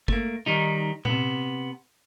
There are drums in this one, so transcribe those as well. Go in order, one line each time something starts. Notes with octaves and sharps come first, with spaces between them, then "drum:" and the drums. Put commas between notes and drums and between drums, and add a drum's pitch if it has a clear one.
A3 A#3, drum: kick
D#3 G3 D#4
C3 B3, drum: tom A#2